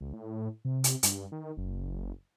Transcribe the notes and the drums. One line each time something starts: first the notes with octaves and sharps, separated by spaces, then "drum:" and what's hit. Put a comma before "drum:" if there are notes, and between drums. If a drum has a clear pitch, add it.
C#2
A2
C3
drum: hi-hat
G2, drum: hi-hat
D#3
F#1